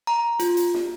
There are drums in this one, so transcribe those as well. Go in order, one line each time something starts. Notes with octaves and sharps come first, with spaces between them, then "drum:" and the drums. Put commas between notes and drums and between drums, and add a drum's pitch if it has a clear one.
A#5
F4, drum: hi-hat
drum: hi-hat
drum: snare